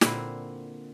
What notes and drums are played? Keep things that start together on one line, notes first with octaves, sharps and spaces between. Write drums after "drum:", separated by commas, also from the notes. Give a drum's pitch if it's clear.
A#2 D3 C4 E4, drum: snare